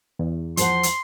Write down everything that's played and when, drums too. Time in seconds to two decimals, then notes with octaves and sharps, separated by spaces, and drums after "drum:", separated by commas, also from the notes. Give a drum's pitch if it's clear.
0.19 E2
0.57 F3 C5 F#5 C6, drum: hi-hat
0.83 drum: hi-hat